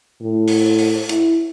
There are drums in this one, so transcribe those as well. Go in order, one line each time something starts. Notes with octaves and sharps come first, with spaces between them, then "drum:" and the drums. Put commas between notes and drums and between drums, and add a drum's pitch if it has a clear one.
A2
drum: open hi-hat
drum: open hi-hat
E4, drum: hi-hat